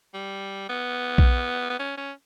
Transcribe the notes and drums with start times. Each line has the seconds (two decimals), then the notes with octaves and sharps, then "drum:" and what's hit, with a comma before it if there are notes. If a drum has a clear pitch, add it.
0.14 G3
0.69 B3
1.18 drum: kick A#1
1.70 B3
1.79 C#4
1.98 C#4